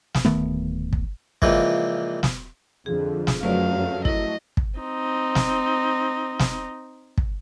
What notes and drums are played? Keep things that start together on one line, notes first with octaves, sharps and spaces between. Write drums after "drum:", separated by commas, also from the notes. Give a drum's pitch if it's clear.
drum: snare
D1 D#3 A3 B3
drum: kick
C#2 A#2 E3 F3, drum: kick
drum: snare
F2 D3 F3 G#4
drum: snare
F#2 F3 F#3 A3 B4 D5 F5
E4 D#5, drum: kick
drum: kick
C4 D#4
drum: snare
drum: snare
drum: kick